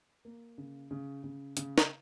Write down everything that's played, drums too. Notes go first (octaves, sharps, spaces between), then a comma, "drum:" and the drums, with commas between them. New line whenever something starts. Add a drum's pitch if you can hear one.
A#3
C#3
C#3
C#3
C#3, drum: hi-hat
drum: snare